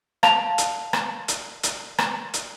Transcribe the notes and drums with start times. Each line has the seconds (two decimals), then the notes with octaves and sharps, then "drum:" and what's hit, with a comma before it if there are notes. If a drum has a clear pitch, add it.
0.23 F5 A5 F7, drum: rim click
0.58 drum: hi-hat
0.93 drum: rim click
1.28 drum: hi-hat
1.63 drum: hi-hat
1.98 drum: rim click
2.34 drum: hi-hat